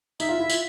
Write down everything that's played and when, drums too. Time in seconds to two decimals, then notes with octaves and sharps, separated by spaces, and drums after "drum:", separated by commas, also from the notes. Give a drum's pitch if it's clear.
0.20 D#4 E5, drum: tambourine
0.29 F4
0.40 E4
0.49 F4, drum: tambourine